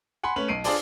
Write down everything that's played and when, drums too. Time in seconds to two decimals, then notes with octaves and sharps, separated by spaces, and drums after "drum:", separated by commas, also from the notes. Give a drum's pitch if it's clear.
0.23 F#5 G#5 B5 C6
0.36 A3 C#4 B4 F#7
0.48 B1 C7 D7 D#7
0.64 D4 F4 G#4 C5 D5 A5, drum: open hi-hat